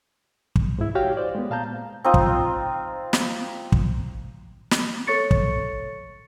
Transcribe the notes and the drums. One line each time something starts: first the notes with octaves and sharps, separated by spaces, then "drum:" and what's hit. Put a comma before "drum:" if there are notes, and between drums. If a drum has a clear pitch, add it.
drum: kick
G#2 E4
F#4 G4 C#5 F5 G5
C5 D5
G#3 B3
A#2 F5 A5 A#5 G6
C4 D#4 F4 D#6
drum: kick
drum: snare
drum: kick
drum: snare
A4 C#5 C#6 A6 C#7
drum: kick